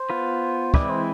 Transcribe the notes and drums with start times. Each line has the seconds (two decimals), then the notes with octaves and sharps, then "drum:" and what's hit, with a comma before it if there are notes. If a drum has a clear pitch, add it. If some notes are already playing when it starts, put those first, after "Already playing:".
Already playing: C5
0.10 B3 F4 B4
0.74 E3 G#3 C4 E4 B4 D5, drum: kick
0.89 C5